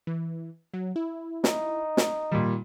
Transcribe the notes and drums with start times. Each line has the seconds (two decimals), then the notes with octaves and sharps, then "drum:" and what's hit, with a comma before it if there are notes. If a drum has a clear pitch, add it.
0.07 E3
0.74 F#3
0.96 E4
1.44 D#4, drum: snare
1.97 drum: snare
2.32 A#2 D#3 G3